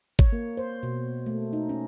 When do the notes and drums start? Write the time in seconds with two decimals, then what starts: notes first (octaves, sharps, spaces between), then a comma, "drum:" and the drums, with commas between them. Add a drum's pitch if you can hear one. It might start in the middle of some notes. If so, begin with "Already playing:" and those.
0.19 C#5, drum: kick G#1
0.32 A#3
0.57 C5
0.83 B2
1.26 A3
1.53 D#4
1.69 C#4